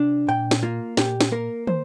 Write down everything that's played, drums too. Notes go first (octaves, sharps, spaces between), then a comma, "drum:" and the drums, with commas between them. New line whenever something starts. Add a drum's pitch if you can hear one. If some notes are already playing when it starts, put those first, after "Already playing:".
Already playing: C3 D4
A#2 G5
drum: snare
A#3 F4
A#2 G4, drum: snare
drum: snare
A#3 A#4
C5, drum: tom